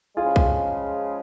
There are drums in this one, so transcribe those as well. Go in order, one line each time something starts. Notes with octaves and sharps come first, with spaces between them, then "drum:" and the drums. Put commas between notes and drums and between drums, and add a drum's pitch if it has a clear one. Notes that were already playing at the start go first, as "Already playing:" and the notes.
C#3 F3 G#3 F4 G#4
drum: kick B1